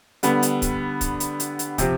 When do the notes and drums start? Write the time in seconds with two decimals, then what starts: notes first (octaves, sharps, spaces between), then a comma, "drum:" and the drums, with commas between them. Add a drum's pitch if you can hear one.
0.23 D3 G3 B3, drum: hi-hat
0.43 drum: hi-hat
0.62 drum: kick, hi-hat
1.01 drum: kick, hi-hat
1.20 drum: hi-hat
1.40 drum: hi-hat
1.59 drum: hi-hat
1.78 C3 F3 C4 G4, drum: kick, hi-hat